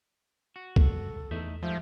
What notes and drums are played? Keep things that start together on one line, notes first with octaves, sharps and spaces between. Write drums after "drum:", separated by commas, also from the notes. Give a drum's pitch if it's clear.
F#4
A4, drum: kick C2
E2 A3 D#4 E5
G#2 F3 G3 A3 E5 G6